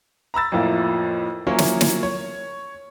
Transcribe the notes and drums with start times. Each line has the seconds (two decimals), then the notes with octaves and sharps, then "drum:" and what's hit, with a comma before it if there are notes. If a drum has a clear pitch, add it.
0.34 A#5 B5 E6 A6
0.52 F2 A2 F3 A#3 E4 F4
1.47 F3 F#3 A#3 C#4 E4 C#5
1.58 drum: snare
1.81 drum: snare
2.03 C#5